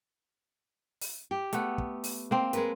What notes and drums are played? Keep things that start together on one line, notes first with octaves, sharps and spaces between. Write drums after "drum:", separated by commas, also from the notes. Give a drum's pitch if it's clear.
drum: open hi-hat
G4
A3 B3, drum: hi-hat
drum: kick
drum: open hi-hat
A#3 C4
G#3 A#4 B4, drum: hi-hat